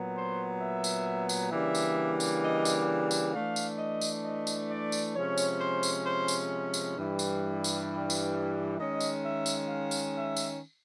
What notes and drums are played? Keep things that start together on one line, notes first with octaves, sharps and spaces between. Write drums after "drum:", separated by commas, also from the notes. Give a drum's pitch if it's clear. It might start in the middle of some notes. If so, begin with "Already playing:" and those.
Already playing: A#2 F#3 B3
C5
E5
drum: tambourine
drum: tambourine
C#3 E3 G3 A#3 D4 E5
drum: tambourine
drum: tambourine
D#5
drum: tambourine
drum: tambourine
E3 A3 D4 F5
drum: tambourine
D#5
drum: tambourine
D#5
drum: tambourine
D5
drum: tambourine
C3 F3 G#3 C#4 C#5
drum: tambourine
C5
drum: tambourine
C5
drum: tambourine
drum: tambourine
G2 E3 G3
drum: tambourine
drum: tambourine
drum: tambourine
D#3 G#3 C#4 D#5
drum: tambourine
E5
drum: tambourine
F5
drum: tambourine
E5
drum: tambourine